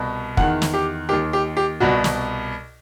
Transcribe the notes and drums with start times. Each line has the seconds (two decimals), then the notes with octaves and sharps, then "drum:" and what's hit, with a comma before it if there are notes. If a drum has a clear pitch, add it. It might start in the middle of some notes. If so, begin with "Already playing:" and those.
Already playing: C2 B2
0.37 E2 D#3 F#5, drum: kick
0.62 drum: snare
0.74 G4
1.09 D#2 D#3 G4
1.33 G4
1.57 G4
1.80 C2 B2 F#4
2.04 drum: snare